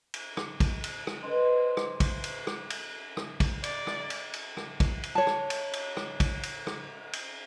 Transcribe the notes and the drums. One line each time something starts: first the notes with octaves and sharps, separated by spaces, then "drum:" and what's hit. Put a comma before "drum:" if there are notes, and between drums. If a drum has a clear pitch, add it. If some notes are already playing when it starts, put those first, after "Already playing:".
drum: cymbal
drum: rim click
drum: kick, cymbal
drum: cymbal
drum: rim click
B4 C5 D#5 C6
drum: rim click
drum: kick, cymbal
drum: cymbal
drum: rim click
drum: cymbal
drum: rim click
drum: kick, cymbal
D5, drum: cymbal
drum: rim click
drum: cymbal
drum: cymbal
drum: rim click
drum: kick, cymbal
drum: cymbal
C#5 A5
drum: rim click
drum: cymbal
drum: cymbal
drum: rim click
drum: kick, cymbal
drum: cymbal
drum: rim click
drum: cymbal